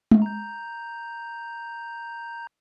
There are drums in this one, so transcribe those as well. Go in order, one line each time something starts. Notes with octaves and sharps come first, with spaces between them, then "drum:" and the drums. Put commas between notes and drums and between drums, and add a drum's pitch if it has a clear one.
drum: tom G#3
A#5 G6